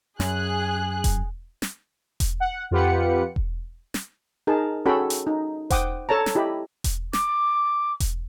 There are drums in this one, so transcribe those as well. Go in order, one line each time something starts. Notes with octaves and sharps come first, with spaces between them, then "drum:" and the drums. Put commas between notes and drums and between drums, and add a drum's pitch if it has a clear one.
F#2 G#4 F#6, drum: snare
drum: kick E1, hi-hat
drum: snare
drum: kick E1, hi-hat
F#5
F2 F4 G4 B4 F#5 C#7
drum: kick E1
drum: snare
D#4 G#4 A#4 A5
C#4 F#4 G#4 A4 G5 B5
drum: hi-hat
D#4
C5 F#5 G5 D6 D#6, drum: kick E1, hi-hat
A4 C#5 A5 A#5
drum: snare
E4 G4 D#5 B5
drum: kick E1, hi-hat
D6, drum: snare
drum: kick E1, hi-hat